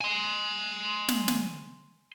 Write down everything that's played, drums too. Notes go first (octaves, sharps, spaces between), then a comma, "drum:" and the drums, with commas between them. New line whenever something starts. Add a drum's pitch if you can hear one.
G#5 C6
drum: snare
drum: snare